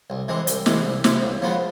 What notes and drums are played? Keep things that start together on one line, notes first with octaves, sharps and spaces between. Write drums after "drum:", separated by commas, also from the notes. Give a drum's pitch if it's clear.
C2
C3 E3 G#3
C2, drum: hi-hat
C3 E3 G#3, drum: snare
C2
C3 E3 G#3, drum: snare
C#2
C#3 F3 G#3 B3